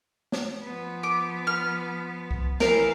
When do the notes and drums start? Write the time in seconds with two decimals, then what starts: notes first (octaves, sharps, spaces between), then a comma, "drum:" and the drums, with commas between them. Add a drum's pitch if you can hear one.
0.32 drum: snare
0.64 F3 B3
1.03 D6
1.47 F6
2.31 drum: kick C2
2.60 E3 A#4 F5, drum: snare